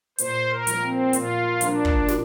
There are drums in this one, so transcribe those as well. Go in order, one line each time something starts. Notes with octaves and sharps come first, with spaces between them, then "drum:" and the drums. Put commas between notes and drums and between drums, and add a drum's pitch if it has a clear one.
A#2 C5, drum: hi-hat
A#4
F3 A#3, drum: hi-hat
C4
A#2 F4, drum: hi-hat
F3 A#3 D4, drum: hi-hat
drum: kick
A#2, drum: snare